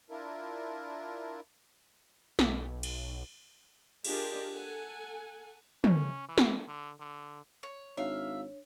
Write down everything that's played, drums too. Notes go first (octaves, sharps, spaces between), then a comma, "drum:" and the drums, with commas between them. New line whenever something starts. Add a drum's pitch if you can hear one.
D4 E4 F4 A#4
B1, drum: snare
drum: cymbal
D4 F4 G4 G#4 A#4 D#5, drum: cymbal
A4 F#5 G#5
C#4, drum: tom
E3
drum: snare
D3
D3
C#5
G#1 D4 C#5 E5 F5